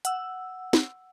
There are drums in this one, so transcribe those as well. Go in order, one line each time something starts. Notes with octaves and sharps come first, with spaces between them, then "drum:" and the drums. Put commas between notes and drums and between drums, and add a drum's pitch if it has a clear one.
F#5 E6, drum: hi-hat
drum: snare